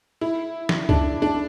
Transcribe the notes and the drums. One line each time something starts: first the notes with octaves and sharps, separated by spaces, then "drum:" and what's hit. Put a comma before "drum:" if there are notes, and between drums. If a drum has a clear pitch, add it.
E4
drum: snare
D4, drum: kick C#2
D4